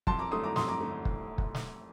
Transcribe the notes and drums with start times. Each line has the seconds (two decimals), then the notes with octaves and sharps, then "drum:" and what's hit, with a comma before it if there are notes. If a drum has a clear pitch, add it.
0.07 F2 A5 C6, drum: kick
0.19 A#5 D6
0.31 D3 A3 C6 D#6
0.44 A#5 D6
0.56 F2 C6 D#6, drum: snare
0.68 A#5 D6
0.81 D3 A3
1.05 drum: kick
1.38 drum: kick
1.55 drum: snare